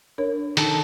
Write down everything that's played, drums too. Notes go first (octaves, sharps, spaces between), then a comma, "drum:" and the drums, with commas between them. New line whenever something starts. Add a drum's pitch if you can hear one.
D4 A#4 C#5
D#3 A4, drum: hi-hat